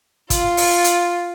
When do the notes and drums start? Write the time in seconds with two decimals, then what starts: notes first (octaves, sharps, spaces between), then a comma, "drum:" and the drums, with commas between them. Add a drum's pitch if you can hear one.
0.30 F4, drum: kick, hi-hat
0.57 drum: open hi-hat
0.84 drum: hi-hat